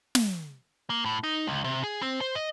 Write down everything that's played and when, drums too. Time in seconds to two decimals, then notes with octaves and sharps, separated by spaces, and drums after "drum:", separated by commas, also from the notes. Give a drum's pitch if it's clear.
0.15 drum: snare
0.90 A#3
1.05 A2
1.24 D#4
1.47 C#2
1.64 C3
1.83 G#4
2.02 C4
2.21 C5
2.35 D#5